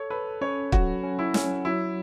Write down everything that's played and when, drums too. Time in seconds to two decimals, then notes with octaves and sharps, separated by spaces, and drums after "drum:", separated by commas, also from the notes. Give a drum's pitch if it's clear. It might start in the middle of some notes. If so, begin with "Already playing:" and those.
Already playing: A4 C#5
0.10 A4 B4
0.41 C#4 C#5
0.72 F#3 F#4, drum: kick
1.03 C#4
1.19 E4
1.34 C#4, drum: snare
1.65 F#3 E4